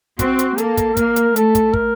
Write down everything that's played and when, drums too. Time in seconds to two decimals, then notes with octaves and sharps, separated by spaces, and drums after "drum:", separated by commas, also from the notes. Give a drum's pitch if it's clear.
0.19 C4 F#4, drum: kick, hi-hat
0.39 drum: hi-hat
0.58 A#3 A4, drum: hi-hat
0.77 drum: kick, hi-hat
0.97 A#3 A#4, drum: kick, hi-hat
1.16 drum: hi-hat
1.36 A3 A4, drum: hi-hat
1.55 drum: kick, hi-hat
1.74 A#4, drum: kick